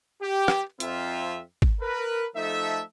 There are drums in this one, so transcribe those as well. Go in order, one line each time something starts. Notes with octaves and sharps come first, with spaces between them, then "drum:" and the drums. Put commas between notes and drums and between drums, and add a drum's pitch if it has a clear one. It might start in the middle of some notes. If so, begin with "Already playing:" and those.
G4
drum: rim click
F2 C4 F4 E5, drum: hi-hat
drum: kick
A#4 B4
F3 A3 D#4 A4 E5